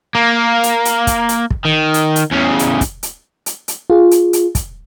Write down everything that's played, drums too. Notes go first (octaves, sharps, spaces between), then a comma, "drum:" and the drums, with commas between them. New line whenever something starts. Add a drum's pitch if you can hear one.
A#3
drum: hi-hat
drum: hi-hat
drum: kick, hi-hat
drum: hi-hat
drum: kick
D#3
drum: hi-hat
drum: hi-hat
E2 C#3
drum: hi-hat
drum: kick, hi-hat
drum: hi-hat
drum: hi-hat
drum: hi-hat
F4 G#4
drum: hi-hat
drum: hi-hat
drum: kick, hi-hat